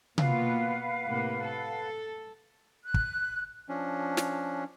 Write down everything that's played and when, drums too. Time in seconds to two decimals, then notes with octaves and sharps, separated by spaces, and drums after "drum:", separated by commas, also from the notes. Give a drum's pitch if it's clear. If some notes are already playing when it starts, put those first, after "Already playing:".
0.18 B2 A#3 F4 B4 F5 F#5, drum: tom C3
1.05 A2 C3 A#3
1.45 A4
2.84 F#6
2.94 drum: kick
3.69 F3 C#4 D4
4.17 drum: snare